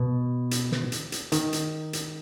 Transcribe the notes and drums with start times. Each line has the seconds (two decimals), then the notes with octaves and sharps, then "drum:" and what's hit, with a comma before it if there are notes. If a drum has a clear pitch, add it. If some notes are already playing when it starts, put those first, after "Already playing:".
Already playing: B2
0.51 drum: hi-hat
0.72 drum: snare
0.92 drum: hi-hat
1.12 drum: hi-hat
1.32 D#3, drum: hi-hat
1.53 drum: hi-hat
1.93 drum: hi-hat